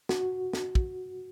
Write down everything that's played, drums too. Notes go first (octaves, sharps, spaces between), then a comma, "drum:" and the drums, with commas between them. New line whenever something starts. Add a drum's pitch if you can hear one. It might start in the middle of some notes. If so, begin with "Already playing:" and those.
F#4, drum: snare
drum: snare
drum: kick